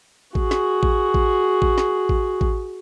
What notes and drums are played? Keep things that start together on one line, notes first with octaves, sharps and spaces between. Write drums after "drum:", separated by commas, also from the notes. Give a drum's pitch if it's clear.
F#4 G#4, drum: kick A1
drum: snare
drum: kick A1
drum: kick A1
drum: kick A1
drum: snare
drum: kick A1
drum: kick A1